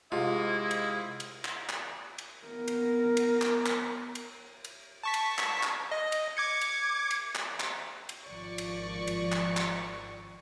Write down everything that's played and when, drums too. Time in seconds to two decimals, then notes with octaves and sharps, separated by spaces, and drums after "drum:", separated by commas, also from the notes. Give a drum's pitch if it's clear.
0.12 G#2 C3 E4 F4 D#5
0.71 drum: cymbal
1.20 drum: cymbal
1.45 drum: clap
1.69 drum: clap
2.18 drum: cymbal
2.47 B3 A#4
2.68 drum: cymbal
3.17 drum: cymbal
3.41 drum: clap
3.66 drum: clap
4.15 drum: cymbal
4.64 drum: cymbal
5.04 A5 C#6 B6
5.14 drum: cymbal
5.38 drum: clap
5.63 drum: clap
5.91 D#5
6.12 drum: cymbal
6.37 D6 G#6 C#7
6.61 drum: cymbal
7.11 drum: cymbal
7.35 drum: clap
7.60 drum: clap
8.09 drum: cymbal
8.26 G#1 F3 D5 C#6
8.58 drum: cymbal
9.07 drum: cymbal
9.32 drum: clap
9.57 drum: clap